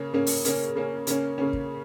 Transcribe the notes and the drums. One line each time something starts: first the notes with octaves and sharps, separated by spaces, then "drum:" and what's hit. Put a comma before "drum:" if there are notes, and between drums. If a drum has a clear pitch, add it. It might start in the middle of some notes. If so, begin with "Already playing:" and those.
Already playing: C#3 A#3 C#4
C#3 A#3 C#4
drum: open hi-hat
C#3 A#3 C#4, drum: hi-hat
C#3 A#3 C#4
C#3 A#3 C#4, drum: hi-hat
C#3 A#3 C#4
drum: kick